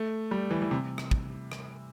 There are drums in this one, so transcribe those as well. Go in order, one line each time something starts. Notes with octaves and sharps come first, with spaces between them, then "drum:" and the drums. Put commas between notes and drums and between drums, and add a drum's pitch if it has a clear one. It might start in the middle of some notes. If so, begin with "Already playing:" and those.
Already playing: A3
G3
E3
E3
C3
drum: rim click
drum: kick
drum: rim click